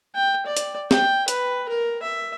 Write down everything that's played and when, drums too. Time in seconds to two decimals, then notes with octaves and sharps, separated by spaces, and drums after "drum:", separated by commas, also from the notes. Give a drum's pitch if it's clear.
0.15 G5
0.46 D5
0.57 drum: hi-hat
0.91 G5, drum: snare
1.28 B4, drum: hi-hat
1.69 A#4
2.03 E5